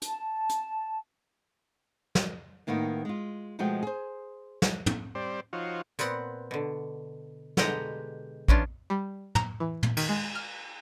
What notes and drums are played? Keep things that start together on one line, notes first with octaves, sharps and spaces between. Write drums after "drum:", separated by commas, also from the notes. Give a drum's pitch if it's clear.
A5, drum: hi-hat
drum: hi-hat
drum: snare
A2 D#3 A#3 B3 D#4
G#3 F4
B2 F3 G#3 A3 F#4 G5
G#4 C5
drum: snare
drum: tom
G3 C4 C5 D5
F3 D#4 F4 F#4 C5 C#5
A#2 B3 C4 F#5, drum: hi-hat
B2 D3
B2 D3 G#3 G4 F#5 A#5, drum: snare
E3 C#4 D4 F4, drum: kick
G3
A#5, drum: tom
E3
drum: tom
D#3, drum: cymbal
G#3
F6